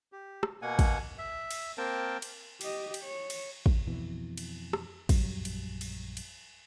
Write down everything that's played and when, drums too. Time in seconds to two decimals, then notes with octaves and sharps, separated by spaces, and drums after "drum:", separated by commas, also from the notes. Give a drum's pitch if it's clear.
0.12 G4
0.43 drum: rim click
0.62 B2 A#3 F#5 G#5
0.79 drum: kick, cymbal
1.18 E5
1.51 drum: cymbal
1.78 A#3 C4 A#4 G5 A5
2.22 drum: cymbal
2.61 G4 D#5, drum: cymbal
2.94 drum: cymbal
3.03 C#5
3.30 drum: cymbal
3.66 drum: kick
3.87 F2 B2 E3
4.37 drum: cymbal
4.73 drum: rim click
5.09 A#1 F#2 F#3 G3, drum: kick, cymbal
5.45 drum: cymbal
5.81 drum: cymbal
6.17 drum: cymbal